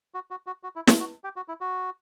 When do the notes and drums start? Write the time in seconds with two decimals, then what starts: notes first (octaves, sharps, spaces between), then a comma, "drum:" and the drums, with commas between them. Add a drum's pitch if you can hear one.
0.14 F#4
0.31 F#4
0.47 F#4
0.63 F#4
0.76 E4
0.87 F#4, drum: snare
1.00 F#4
1.24 G4
1.36 F#4
1.48 E4
1.61 F#4